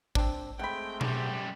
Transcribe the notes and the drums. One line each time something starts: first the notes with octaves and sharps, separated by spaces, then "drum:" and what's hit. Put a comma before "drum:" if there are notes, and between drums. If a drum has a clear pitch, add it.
C4 D4, drum: kick
G#3 A3 C4 F#5 G5 B5
F#2 G3 G4, drum: tom B2